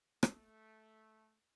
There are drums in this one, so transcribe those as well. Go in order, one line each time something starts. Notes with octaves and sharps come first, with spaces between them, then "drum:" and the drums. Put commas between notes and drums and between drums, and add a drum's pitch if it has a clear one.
A3, drum: rim click